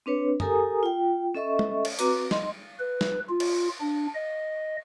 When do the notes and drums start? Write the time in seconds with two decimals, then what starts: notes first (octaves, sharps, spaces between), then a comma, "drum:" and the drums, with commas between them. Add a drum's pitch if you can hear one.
0.06 C4 D4 B4 C#5
0.40 G4 A4 A#4 G#5 A#5 D#6, drum: tom F#2
0.83 F4 G5
1.35 C#4 A4 D#5 E5 C#6
1.59 drum: tom
1.85 drum: cymbal
1.99 C4 F#4 B4 A#5 D6, drum: hi-hat
2.31 D#5 C6, drum: snare
2.80 B4
3.01 drum: snare
3.29 F4
3.40 drum: cymbal
3.81 D4
4.15 D#5